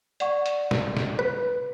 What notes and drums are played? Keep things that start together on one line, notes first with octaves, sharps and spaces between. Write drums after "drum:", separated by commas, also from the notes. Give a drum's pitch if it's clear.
D5 F#5 C#6, drum: hi-hat
drum: hi-hat
drum: snare
drum: snare
B4